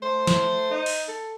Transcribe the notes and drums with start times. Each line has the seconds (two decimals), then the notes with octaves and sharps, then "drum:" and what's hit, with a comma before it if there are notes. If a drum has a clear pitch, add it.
0.02 A3 C5
0.27 drum: snare
0.71 D#4
0.86 drum: open hi-hat
1.08 A4